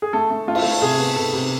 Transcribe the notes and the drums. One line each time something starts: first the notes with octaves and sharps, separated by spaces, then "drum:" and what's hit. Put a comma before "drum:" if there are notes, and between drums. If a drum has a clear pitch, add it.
G#4
A3 A4
A3
A3 F4
E4, drum: cymbal
A3 F4
C3 G#4
B3
C3 A4
C3